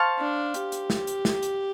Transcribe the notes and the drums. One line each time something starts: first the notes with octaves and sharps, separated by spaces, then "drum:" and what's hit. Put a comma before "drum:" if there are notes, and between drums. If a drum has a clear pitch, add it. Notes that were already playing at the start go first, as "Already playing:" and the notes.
Already playing: C5 F5 A5 C#6
D4
G4, drum: hi-hat
drum: hi-hat
drum: snare
drum: hi-hat
drum: snare
drum: hi-hat